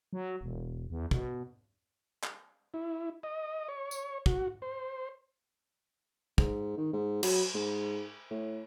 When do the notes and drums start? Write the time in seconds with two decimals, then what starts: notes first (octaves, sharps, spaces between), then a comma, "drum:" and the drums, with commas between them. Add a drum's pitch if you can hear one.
0.13 F#3
0.41 E1
0.90 E2
1.11 B2, drum: kick
2.23 drum: clap
2.74 E4
3.23 D#5
3.68 C#5
3.91 drum: tambourine
4.26 F#4, drum: kick
4.62 C5
6.38 G#2, drum: kick
6.78 D#3
6.93 G#2
7.23 F#3, drum: cymbal
7.54 G#2
8.31 A2